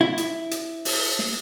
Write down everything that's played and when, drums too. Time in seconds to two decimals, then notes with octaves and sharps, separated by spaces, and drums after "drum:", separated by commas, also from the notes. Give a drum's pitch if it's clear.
0.01 E4
0.18 drum: hi-hat
0.51 drum: hi-hat
0.85 drum: open hi-hat
1.19 drum: snare